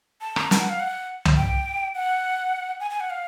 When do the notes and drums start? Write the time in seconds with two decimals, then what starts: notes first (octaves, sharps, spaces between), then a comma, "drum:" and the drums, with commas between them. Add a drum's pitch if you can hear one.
0.21 A5
0.36 A#5, drum: rim click
0.51 A5, drum: snare
0.60 F#5
0.69 F5
0.80 F#5
1.25 drum: tom C2
1.36 G5
1.95 F#5
2.80 G#5
2.90 G#5
3.00 F#5
3.10 F5